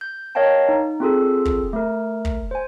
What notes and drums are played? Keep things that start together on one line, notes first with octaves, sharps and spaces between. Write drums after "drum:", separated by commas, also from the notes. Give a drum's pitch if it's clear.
G6
A#4 C#5 D#5 F5 G5 A5
D#4
C4 F4 G#4 A4
drum: kick
A3 A#4
drum: kick
C5 G#5